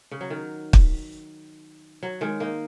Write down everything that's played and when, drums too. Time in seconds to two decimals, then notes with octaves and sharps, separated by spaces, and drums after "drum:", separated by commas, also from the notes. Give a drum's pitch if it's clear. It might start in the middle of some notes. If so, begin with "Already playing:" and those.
0.11 C#3
0.21 F#3
0.30 D#3
0.73 drum: kick
2.03 F#3
2.21 D#3 G#3
2.40 A#3 D#4